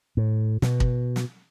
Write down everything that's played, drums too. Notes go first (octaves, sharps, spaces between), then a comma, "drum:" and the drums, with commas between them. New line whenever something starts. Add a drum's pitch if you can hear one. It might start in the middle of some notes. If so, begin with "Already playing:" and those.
A2
B2, drum: snare
drum: kick
drum: snare